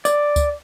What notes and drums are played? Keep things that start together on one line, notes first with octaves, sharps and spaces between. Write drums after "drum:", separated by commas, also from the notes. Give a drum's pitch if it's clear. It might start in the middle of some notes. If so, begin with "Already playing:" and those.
D5, drum: tambourine
drum: kick C#2, tambourine